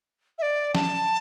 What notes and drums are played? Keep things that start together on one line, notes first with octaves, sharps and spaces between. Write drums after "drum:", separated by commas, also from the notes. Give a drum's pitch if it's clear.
E5
D5
A5, drum: snare